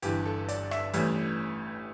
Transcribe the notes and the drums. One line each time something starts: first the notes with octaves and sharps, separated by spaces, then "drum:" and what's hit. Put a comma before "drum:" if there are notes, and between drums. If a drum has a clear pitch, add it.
G1 G2 E3 G4, drum: hi-hat
A4
D5, drum: hi-hat
E5, drum: rim click
A1 A2 E3 G3, drum: hi-hat